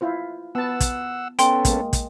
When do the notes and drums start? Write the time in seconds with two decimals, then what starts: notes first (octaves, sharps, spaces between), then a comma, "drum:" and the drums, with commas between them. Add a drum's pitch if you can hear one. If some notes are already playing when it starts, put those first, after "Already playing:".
0.01 E4 F4 C5
0.55 B3 F#5 A5 E6
0.80 drum: kick, hi-hat
1.39 B3 C#4 A4 G5 C6, drum: hi-hat
1.65 G#3 A#3, drum: kick, hi-hat
1.93 drum: kick, hi-hat